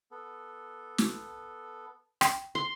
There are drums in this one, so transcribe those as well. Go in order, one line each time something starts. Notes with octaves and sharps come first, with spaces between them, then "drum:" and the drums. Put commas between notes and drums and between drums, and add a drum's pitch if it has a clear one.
B3 A4
drum: snare
G5, drum: rim click
C6